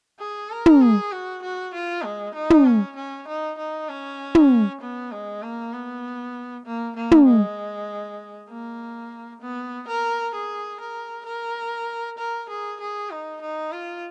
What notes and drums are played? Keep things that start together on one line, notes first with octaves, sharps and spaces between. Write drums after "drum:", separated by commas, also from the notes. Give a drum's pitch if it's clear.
G#4
A#4
drum: tom
G#4
F#4
F#4
F4
G#3
D#4
drum: tom
C#4
C#4
D#4
D#4
C#4
drum: tom
B3
G#3
A#3
B3
A#3
A#3
drum: tom
G#3
A#3
B3
A#4
G#4
A#4
A#4
A#4
G#4
G#4
D#4
D#4
F4